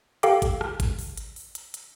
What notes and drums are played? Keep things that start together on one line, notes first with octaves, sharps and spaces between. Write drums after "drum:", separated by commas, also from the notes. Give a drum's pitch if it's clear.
G4 A4 F5 G5 D6, drum: hi-hat
drum: kick G#1, hi-hat
drum: rim click
drum: kick G#1, hi-hat
drum: open hi-hat
drum: hi-hat
drum: open hi-hat
drum: hi-hat
drum: hi-hat